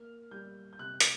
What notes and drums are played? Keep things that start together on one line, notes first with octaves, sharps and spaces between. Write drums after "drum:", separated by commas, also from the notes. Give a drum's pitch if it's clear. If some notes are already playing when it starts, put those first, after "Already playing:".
Already playing: A#3 F6
G3 G6
G6
C3 F#6
D#6, drum: hi-hat